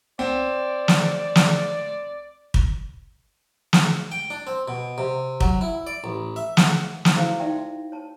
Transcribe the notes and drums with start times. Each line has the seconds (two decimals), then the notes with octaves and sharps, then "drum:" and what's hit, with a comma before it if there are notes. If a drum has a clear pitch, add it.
0.19 C4 D5
0.88 drum: snare
1.35 drum: snare
2.54 drum: kick
3.73 drum: snare
4.12 G5
4.30 D4
4.47 C4
4.68 B2
4.98 C3
5.40 F#3, drum: kick
5.61 E4
5.87 D5
6.04 A1
6.36 E5
6.57 F#5, drum: snare
7.05 drum: snare
7.15 E4 F#4 A4 C5 F5
7.39 D#4 D5 E5 G5 C6
7.92 C#5 A5